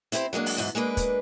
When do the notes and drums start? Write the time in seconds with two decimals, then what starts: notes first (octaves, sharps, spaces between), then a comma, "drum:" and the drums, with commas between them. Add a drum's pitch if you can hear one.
0.12 C4 E4 G4 B4 C5, drum: hi-hat
0.33 F#3 G#3 A#3 D4
0.46 drum: open hi-hat
0.57 E2 G#2 F#3
0.75 G#3 A#3 D4 B4
0.97 drum: kick, hi-hat